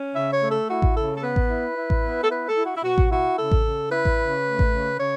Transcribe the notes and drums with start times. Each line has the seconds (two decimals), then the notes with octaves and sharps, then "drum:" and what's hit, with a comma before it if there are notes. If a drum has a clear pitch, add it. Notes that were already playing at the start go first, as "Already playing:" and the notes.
Already playing: C#4
0.15 C#3 E5
0.33 C#5
0.42 A3
0.50 A4
0.69 E4 F#4
0.82 drum: kick A1
0.96 C#3 A4
1.16 A4
1.23 B3 B4
1.36 drum: kick A1
1.49 E4
1.77 E4
1.90 drum: kick A1
2.03 B3
2.24 A4
2.30 E4 B4
2.49 A4
2.57 E4
2.66 F#4
2.77 E4
2.84 B2 F#4
2.98 drum: kick A1
3.11 E4 F#4
3.38 C#3 A4
3.51 drum: kick A1
3.65 C#3
3.92 E4 B4
4.05 drum: kick A1
4.19 C#3
4.46 A3
4.59 drum: kick A1
4.73 C#3
5.00 C#3 C#5